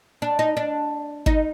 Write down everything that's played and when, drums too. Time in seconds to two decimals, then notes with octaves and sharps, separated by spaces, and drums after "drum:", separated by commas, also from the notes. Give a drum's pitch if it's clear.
0.22 D4
0.39 D#4
0.57 D4
1.26 D#4, drum: kick G#1